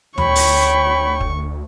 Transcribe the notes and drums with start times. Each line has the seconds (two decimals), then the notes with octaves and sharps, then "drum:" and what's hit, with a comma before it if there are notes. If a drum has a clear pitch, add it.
0.18 D2 C#5 G5 B5 C#6, drum: tom
0.35 drum: open hi-hat
1.20 drum: kick